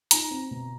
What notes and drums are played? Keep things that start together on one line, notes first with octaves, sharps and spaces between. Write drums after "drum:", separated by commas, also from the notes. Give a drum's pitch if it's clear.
D#4 A#5, drum: hi-hat
C4
B2